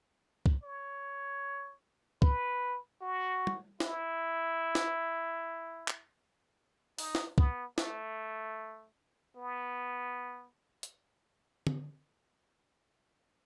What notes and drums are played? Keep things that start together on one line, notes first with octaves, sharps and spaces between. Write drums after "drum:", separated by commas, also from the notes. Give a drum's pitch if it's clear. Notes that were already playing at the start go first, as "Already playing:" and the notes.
drum: kick
C#5
B4, drum: kick
F#4
drum: tom
E4, drum: snare
drum: snare
drum: clap
D#4, drum: open hi-hat
drum: snare
B3, drum: kick
A3, drum: snare
B3
drum: hi-hat
drum: tom D3